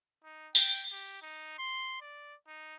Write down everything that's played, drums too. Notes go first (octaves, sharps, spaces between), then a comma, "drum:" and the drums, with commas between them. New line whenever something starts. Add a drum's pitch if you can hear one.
D#4
G5, drum: tambourine
G4
D#4
C6
D5
D#4